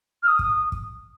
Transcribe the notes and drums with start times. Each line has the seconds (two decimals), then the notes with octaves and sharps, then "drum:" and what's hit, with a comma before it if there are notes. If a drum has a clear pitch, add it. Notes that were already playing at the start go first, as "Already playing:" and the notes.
0.23 F6
0.28 D#6
0.39 drum: kick
0.72 drum: kick